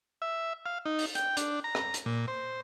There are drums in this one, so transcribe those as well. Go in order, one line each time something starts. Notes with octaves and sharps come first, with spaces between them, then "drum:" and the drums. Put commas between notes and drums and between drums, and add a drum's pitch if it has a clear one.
E5
F5
D#4
drum: open hi-hat
G5, drum: hi-hat
D4, drum: hi-hat
A#5
drum: rim click
drum: hi-hat
A#2
C5